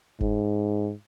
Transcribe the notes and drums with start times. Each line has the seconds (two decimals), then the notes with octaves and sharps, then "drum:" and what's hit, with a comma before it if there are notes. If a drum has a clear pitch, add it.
0.21 G#2, drum: kick F#1